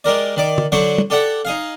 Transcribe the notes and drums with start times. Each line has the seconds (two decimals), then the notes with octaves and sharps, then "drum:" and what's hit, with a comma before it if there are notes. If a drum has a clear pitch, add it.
0.04 G#3 G4 A#4 D5
0.37 D#3 D5 D6
0.58 drum: tom
0.72 D3 F#3 C5 C#5 C#6 D6
0.98 drum: tom
1.10 G4 A4 D5 E5 F#5
1.45 D#4 G#4 F5